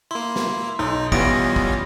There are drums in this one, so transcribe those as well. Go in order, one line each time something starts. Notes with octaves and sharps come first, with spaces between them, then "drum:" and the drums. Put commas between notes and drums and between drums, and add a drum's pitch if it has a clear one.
A#3 E4 C6
drum: snare
B1 D#4
E3 G3 B3 C#4 F4 D#6 A#6 D7, drum: kick
drum: kick